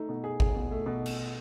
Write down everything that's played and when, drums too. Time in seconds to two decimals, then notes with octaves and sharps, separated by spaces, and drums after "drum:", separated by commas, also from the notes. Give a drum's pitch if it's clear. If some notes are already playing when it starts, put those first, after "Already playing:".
Already playing: A3 D#4
0.09 B2
0.24 G#4
0.40 G#4, drum: kick G#1
0.55 B2
0.71 A3
0.86 B2
1.06 drum: cymbal